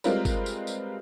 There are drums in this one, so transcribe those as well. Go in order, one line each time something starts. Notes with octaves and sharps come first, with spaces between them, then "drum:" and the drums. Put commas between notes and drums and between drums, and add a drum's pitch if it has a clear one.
G3 G#3 C4 F4 A#4 B4, drum: tambourine
drum: kick G1, tambourine
drum: tambourine
drum: tambourine